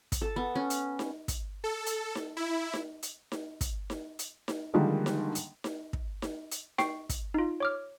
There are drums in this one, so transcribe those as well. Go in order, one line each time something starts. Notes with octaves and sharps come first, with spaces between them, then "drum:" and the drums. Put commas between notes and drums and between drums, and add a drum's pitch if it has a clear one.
drum: kick, hi-hat
A4
B3
C#4
drum: hi-hat
drum: snare D#4
drum: kick, hi-hat
A4
drum: hi-hat
drum: snare D#4
E4
drum: snare D#4
drum: hi-hat
drum: snare D#4
drum: kick, hi-hat
drum: snare D#4
drum: hi-hat
drum: snare D#4
D3 D#3 F3 G3 G#3 A#3
drum: snare D#4
drum: hi-hat
drum: snare D#4
drum: kick
drum: snare D#4
drum: hi-hat
G5 C#6 C7, drum: snare D#4
drum: kick, hi-hat
D#4 F4
C#5 D6 F6